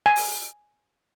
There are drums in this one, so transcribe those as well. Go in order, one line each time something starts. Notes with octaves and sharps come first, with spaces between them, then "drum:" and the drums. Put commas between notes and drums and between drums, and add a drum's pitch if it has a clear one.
G#5
drum: open hi-hat